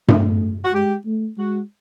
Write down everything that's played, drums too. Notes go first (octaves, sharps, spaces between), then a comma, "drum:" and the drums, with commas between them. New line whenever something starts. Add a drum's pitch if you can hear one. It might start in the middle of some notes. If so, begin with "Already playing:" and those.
A3, drum: tom G2
F#4
G#3 G4
A3
G#3 F#4